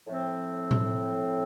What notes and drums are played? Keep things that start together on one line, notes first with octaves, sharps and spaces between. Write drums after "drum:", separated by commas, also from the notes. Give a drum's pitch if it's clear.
A2 F3 C4
drum: tom A2